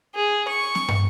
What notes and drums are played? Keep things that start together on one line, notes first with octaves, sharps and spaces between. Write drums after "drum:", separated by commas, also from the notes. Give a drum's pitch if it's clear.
G#4
C#6
drum: snare C4
drum: tom